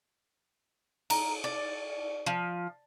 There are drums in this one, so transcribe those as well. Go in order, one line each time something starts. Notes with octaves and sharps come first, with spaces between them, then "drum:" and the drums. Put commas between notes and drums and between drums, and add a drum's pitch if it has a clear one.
A#5, drum: cymbal
D5
F3